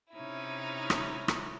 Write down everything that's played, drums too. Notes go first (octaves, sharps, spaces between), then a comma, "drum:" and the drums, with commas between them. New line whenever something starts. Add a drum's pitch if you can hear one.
C3 C#4 D#4 E4
drum: rim click
drum: rim click